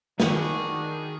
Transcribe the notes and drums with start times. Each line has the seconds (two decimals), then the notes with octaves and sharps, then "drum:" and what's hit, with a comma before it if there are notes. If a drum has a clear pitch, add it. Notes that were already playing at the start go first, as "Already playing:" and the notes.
0.20 D#3 G3 D4 F#4 G#4, drum: snare